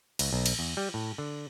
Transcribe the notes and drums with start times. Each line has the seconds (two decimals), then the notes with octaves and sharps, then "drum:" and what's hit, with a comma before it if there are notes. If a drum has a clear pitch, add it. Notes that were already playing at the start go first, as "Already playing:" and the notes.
0.19 C#2, drum: cymbal
0.33 B1
0.46 drum: cymbal
0.59 E2
0.77 G3
0.94 A2
1.18 D3